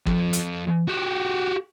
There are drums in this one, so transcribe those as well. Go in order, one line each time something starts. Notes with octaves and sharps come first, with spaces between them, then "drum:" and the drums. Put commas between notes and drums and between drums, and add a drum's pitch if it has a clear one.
F2, drum: kick
drum: hi-hat
F#4 G4